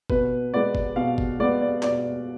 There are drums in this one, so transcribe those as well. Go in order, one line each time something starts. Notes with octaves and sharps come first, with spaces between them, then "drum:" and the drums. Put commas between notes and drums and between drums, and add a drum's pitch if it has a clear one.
B2 B4, drum: kick
G#3 B3 D5
drum: kick
B2 F5
drum: kick
G#3 B3 D5
D5
B2 D5, drum: clap